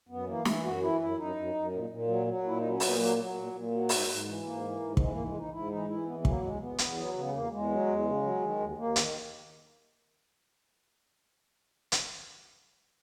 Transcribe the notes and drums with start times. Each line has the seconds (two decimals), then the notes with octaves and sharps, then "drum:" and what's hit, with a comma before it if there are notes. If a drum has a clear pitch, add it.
0.09 F#2 B3
0.27 E3 A#3
0.45 E3 E4, drum: snare
0.63 F#2 F#4
0.81 E3 E4
1.00 F#2 E4
1.18 F#2 D#4
1.36 F#2
1.54 F#2
1.72 A#2
1.90 A#2
2.08 F#3
2.27 F#3
2.44 A#2 E4
2.58 F#3 D#4
2.69 C#4
2.80 A#2 B3, drum: open hi-hat
2.98 F#3 A#3
3.17 F#3
3.34 A#2
3.52 A#2
3.71 F#3
3.89 G#2, drum: open hi-hat
4.07 G#2
4.25 E3
4.44 G#2 A#3
4.62 E3
4.80 G#2
4.97 E3 G#3, drum: kick
5.11 A#3
5.16 G#2
5.25 G#3
5.34 G#2 D#4
5.52 G#2 E4
5.70 E3 D#4
5.88 E3 E4
6.06 E2 B3
6.19 B3
6.25 F#3 A#3, drum: kick
6.42 E2 G#3
6.61 E2 B3
6.78 E2, drum: hi-hat
6.96 F#3
7.14 C#3 B3
7.27 G#3
7.32 E2 A#3
7.51 E2 G#3
7.69 F#3
7.86 E2
8.04 C#3
8.23 F#3
8.42 D#3
8.59 D#2
8.77 D#2 A#3
8.96 D#3, drum: hi-hat
11.92 drum: hi-hat